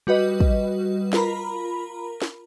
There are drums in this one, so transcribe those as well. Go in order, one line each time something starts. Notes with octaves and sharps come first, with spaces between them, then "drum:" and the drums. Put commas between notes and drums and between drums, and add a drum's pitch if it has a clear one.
G3 F#4 B4 D#5
drum: kick
F4 A#4 A#5 B5, drum: snare
drum: snare